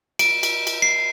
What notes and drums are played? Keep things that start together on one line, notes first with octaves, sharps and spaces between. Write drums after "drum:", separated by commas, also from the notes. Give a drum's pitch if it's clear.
D7, drum: cymbal
drum: cymbal
drum: cymbal
C7